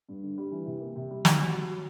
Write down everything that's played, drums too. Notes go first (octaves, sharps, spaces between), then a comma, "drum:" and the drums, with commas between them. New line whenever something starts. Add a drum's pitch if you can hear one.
G2
D3
G3
E3
C3
A#3
C3
G3
F#3, drum: snare
F#3
F#3
F#4